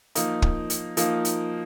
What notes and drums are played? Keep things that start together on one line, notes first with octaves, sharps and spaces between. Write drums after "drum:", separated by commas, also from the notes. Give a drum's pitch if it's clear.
F3 A#3 D#4, drum: hi-hat
drum: kick
drum: hi-hat
F3 A#3 D#4, drum: hi-hat
drum: hi-hat